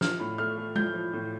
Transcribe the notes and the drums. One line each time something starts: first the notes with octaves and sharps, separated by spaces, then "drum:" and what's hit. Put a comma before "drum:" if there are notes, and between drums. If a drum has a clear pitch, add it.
F3 F6, drum: snare
A2 B5
A3 F6
A3
F3 G6, drum: tom
F3
A2